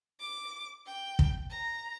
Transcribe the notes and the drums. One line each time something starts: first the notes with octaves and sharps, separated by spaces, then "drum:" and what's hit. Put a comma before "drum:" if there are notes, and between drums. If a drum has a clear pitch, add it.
D6
G5
drum: kick
A#5